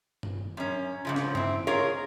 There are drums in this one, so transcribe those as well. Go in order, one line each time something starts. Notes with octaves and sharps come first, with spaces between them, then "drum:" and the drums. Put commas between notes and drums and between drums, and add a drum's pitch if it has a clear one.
drum: tom G2
F#2 C#4
G#2 C#3 F3
drum: snare
C4 E4, drum: tom G2
F4 G#4 A#4 C#5 F5